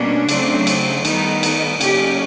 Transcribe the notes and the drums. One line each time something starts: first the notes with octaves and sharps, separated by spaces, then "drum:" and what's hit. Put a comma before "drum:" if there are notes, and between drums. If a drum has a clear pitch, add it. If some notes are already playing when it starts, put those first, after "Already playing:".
Already playing: B2 G3 A#3 C#4 D4
C#3 F#3 A3 C4, drum: cymbal
drum: cymbal
D#3 G3 B3 D#4, drum: cymbal
drum: cymbal
C#3 F#3 A#3 C#4 G4, drum: cymbal